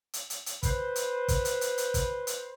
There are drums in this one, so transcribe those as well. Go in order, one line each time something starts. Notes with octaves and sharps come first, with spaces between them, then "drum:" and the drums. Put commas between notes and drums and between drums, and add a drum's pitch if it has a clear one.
drum: hi-hat
drum: hi-hat
drum: hi-hat
B4 C5, drum: kick, hi-hat
drum: hi-hat
drum: kick, hi-hat
drum: hi-hat
drum: hi-hat
drum: hi-hat
drum: kick, hi-hat
drum: hi-hat